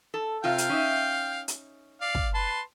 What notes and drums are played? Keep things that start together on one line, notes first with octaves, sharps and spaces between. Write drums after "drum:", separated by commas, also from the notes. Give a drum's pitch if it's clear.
A4
C3 F4 F5 G5
drum: hi-hat
C#4 D#4 E5
drum: hi-hat
D5 F5
drum: kick
B4 A5 C6